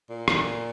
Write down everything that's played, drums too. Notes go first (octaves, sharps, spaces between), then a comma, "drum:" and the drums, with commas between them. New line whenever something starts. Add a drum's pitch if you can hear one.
A#2
drum: rim click